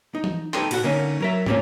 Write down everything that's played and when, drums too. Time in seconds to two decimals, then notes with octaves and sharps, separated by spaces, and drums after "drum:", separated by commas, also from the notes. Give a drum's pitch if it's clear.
0.15 D#4
0.24 drum: tom E3
0.54 D#4 G4 A4 B4 G5 C6, drum: clap
0.71 A#2 F#4 F#5, drum: cymbal
0.84 D3 A#3 C#4 D#4
1.21 F#3 A#4 E5
1.46 G3 A3 A#3 C4 C#4 F4, drum: tom